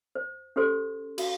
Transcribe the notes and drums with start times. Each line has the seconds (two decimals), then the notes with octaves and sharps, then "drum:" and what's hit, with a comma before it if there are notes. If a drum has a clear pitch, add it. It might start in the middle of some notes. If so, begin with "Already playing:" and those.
0.15 C5
0.56 C#4 G4 A4 C5 C6
1.18 F#4, drum: cymbal